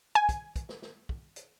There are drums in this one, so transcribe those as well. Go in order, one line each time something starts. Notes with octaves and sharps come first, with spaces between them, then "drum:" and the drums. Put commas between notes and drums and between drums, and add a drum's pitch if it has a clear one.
G#5
drum: kick, hi-hat
drum: kick, hi-hat
drum: snare
drum: snare
drum: kick
drum: hi-hat